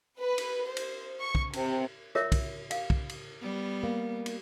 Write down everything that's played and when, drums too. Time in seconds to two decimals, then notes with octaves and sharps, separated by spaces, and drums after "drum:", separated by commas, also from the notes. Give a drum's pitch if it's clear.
0.17 B4
0.38 drum: cymbal
0.65 C5
0.77 drum: cymbal
1.20 C#6
1.35 drum: kick
1.53 C3, drum: cymbal
2.15 F4 A#4 C#5 E5, drum: rim click
2.32 drum: kick, cymbal
2.71 F5, drum: cymbal
2.90 drum: kick
3.09 drum: cymbal
3.41 G3 B3
3.83 A#3
4.26 drum: cymbal